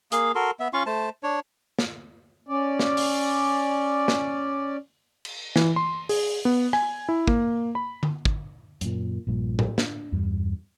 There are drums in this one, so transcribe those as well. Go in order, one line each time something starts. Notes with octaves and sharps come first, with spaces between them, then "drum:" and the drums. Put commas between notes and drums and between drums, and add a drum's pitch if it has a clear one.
A#3 G#4 F5, drum: hi-hat
F#4 A4 A#4 C6
B3 E5
C#4 F4 F5 C#6
A3 C5 A5
D4 C#5
drum: snare
C#4 D5
drum: snare
drum: open hi-hat
drum: snare
drum: cymbal
E3, drum: snare
C6
G#4, drum: open hi-hat
B3
G#5, drum: rim click
E4
A#3, drum: kick
B5
drum: tom D3
drum: kick
F#2 A#2, drum: hi-hat
A#1 G2 A#2
drum: tom A2
D4, drum: snare
E2 G2